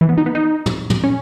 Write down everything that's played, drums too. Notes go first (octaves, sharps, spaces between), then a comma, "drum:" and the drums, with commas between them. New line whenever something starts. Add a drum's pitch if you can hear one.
E3
B3
D#4
B3
D#4
drum: tom
drum: tom
C#4